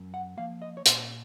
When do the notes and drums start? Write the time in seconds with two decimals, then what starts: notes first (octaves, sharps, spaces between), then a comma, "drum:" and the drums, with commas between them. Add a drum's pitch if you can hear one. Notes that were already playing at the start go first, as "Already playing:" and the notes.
Already playing: F#2
0.14 F#5
0.37 F3 A#3 F5
0.62 D#5
0.77 C#5
0.86 A#2 C5, drum: hi-hat